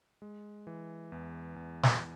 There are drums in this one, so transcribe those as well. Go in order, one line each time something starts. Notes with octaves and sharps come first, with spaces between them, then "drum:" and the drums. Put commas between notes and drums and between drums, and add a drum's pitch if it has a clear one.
G#3
E3
E2
E2
drum: snare